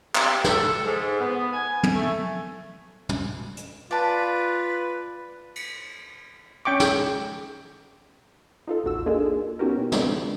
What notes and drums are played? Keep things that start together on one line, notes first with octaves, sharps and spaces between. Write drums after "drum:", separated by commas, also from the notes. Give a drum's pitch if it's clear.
G4, drum: clap
A4, drum: snare
G#2
B3
G#5
drum: tom
A3
drum: tom
drum: hi-hat
F4 B4 D5 A5
drum: cymbal
C#4 G5 C#6 D6
drum: snare
D#4 F4 A4
A1 D#2 F#4 E6
A#3 D4 D#4 F4 G#4 A4
B3 C#4 D#4 F#4 G4 A#4
B2
C3 D#3 F3 G#3 B3 D4, drum: snare